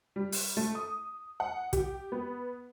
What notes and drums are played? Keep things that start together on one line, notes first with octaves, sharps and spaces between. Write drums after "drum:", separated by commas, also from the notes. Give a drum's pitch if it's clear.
G3
drum: open hi-hat
A3
D#6
F#5
G4, drum: kick, hi-hat
B3